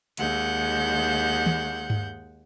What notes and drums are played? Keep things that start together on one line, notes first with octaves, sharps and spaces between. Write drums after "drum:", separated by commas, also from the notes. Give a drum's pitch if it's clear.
D#2 G#3 F#5 G6, drum: hi-hat
drum: tom D#3
drum: tom G2